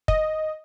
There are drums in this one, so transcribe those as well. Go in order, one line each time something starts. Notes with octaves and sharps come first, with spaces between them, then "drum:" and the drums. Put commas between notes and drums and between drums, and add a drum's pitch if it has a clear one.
D#5, drum: kick